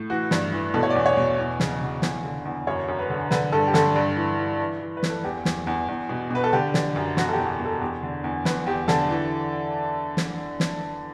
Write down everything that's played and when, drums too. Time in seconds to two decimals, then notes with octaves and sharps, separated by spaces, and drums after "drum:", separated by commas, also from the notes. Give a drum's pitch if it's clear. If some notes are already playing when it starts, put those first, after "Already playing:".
Already playing: A2
0.10 E3 F#4
0.31 G2, drum: snare
0.53 E3
0.74 B2 A4
0.83 C#5
0.90 D5
0.95 E2
1.06 C#5
1.17 B2
1.38 E2
1.60 C#3, drum: snare
1.81 C#3
2.02 E2, drum: snare
2.24 D3
2.45 E2
2.67 F#2 C#5
2.88 F#2
2.99 B4
3.10 D3
3.31 D3 B4, drum: snare
3.52 G2 A4
3.68 G4
3.74 D3 A4, drum: snare
3.96 G2
4.17 E3
4.38 E3
4.60 E3
4.81 E3
4.97 B4
5.03 E3, drum: snare
5.10 A4
5.24 E2 G4
5.45 E2, drum: snare
5.67 E2
5.88 E2
6.09 B2
6.31 B2 B4
6.44 A4
6.53 D3 G4
6.74 D3, drum: snare
6.96 F#2
7.17 B2 F#4, drum: snare
7.29 A4
7.33 G4
7.39 E2
7.60 B2
7.66 A4
7.81 E2 G4
8.03 D3
8.24 E2
8.45 E2 B4, drum: snare
8.66 E2 G4
8.88 D3 A4, drum: snare
9.10 E3
10.17 drum: snare
10.60 drum: snare